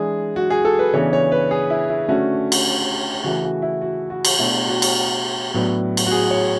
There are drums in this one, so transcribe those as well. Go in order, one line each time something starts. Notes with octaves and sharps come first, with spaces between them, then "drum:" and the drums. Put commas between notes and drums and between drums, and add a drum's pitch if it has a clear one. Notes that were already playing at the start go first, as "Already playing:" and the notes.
Already playing: E3 G#3 D4 G#4
F#4
G#4
A4
B4
C#3 E3 B3 D4 C#5
C#5
B4
G#4
E4
E4
D3 A3 C#4 F#4
drum: cymbal
C#3 E3 A3 F#4
F#4
E4
F#4
F#4
drum: cymbal
B2 A3 D4 E4
F#4
drum: cymbal
A2 F#3 B3 D4
drum: cymbal
F#4
G#4
C#5